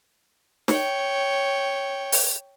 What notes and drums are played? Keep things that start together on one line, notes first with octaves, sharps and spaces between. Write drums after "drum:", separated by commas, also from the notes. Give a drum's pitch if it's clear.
C#5 G5, drum: snare
drum: open hi-hat